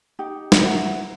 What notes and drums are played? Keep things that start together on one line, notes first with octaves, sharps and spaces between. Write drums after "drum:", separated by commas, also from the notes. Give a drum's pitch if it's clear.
D#4 G4
drum: snare
E4 F#4 A#4